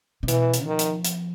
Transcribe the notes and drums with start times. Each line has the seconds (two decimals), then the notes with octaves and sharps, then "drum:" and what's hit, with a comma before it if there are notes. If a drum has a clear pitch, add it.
0.23 C3
0.28 B2 E3, drum: hi-hat
0.54 drum: hi-hat
0.66 D#3 F3
0.79 drum: hi-hat
1.05 drum: hi-hat